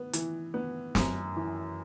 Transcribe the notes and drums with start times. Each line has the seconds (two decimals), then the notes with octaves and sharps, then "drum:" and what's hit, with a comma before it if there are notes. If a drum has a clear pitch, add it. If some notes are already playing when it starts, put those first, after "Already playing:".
Already playing: B3
0.13 E3, drum: hi-hat
0.54 B3
0.95 F#2, drum: snare
1.36 E3